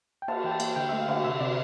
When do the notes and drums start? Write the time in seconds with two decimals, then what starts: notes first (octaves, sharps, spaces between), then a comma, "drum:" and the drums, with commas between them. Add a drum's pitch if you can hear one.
0.22 G5
0.28 A#3 A5, drum: cymbal
0.44 E3 G5
0.52 A5
0.60 A#3, drum: cymbal
0.76 D3 G5
0.89 A3 E5
1.00 F5
1.08 D3, drum: cymbal
1.25 C3 E5
1.40 C3 D5